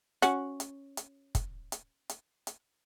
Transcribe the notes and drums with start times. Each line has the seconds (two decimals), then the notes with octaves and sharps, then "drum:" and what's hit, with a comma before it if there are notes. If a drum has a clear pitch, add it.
0.22 C#4 F#4, drum: hi-hat
0.60 drum: hi-hat
0.97 drum: hi-hat
1.35 drum: kick, hi-hat
1.72 drum: hi-hat
2.09 drum: hi-hat
2.47 drum: hi-hat